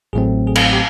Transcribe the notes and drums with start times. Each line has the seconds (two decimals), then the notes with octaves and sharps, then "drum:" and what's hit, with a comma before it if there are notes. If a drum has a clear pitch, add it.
0.13 A1 A2 F#3 A3 C4 G#4
0.47 G#4
0.55 A4, drum: cymbal
0.73 G4